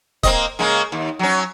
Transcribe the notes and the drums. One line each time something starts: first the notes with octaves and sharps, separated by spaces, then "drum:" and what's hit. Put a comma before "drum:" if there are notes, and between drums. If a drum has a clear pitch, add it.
A#3 C4 D#5, drum: kick, hi-hat
C#3 G#3 A#3
D#2
F#3 C#4